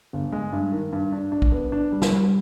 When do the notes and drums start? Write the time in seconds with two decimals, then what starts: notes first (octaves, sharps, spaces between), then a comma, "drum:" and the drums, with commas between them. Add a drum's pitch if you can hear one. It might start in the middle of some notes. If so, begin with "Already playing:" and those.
0.13 G1
0.32 G#3
0.52 G2
0.72 D#3
0.93 G2
1.12 D4
1.32 D4
1.42 drum: kick A#1
1.52 B3
1.72 D4
1.92 G3
2.02 drum: snare
2.12 G3